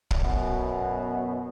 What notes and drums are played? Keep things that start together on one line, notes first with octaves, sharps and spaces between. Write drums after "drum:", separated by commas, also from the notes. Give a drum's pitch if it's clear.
drum: kick
F#2 B2 B3